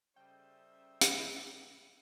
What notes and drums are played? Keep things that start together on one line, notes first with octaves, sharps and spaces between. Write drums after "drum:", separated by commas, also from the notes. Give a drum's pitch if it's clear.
C#3 G3 A4 C5 D#5 E5 G5
drum: hi-hat